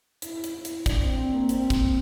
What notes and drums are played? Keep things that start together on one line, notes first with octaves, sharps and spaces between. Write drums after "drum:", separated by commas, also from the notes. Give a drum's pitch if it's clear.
E4, drum: hi-hat
drum: hi-hat
E4
drum: hi-hat
D4, drum: kick, hi-hat
C4
C4
A#3
C4, drum: hi-hat
drum: kick, hi-hat